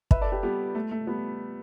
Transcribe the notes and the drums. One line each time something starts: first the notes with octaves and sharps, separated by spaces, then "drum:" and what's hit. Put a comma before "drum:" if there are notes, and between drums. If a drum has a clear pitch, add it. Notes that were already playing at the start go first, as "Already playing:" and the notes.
B4 E5, drum: kick
A4 D5
G4 B4
G3 B3
A3
A3
G3 B3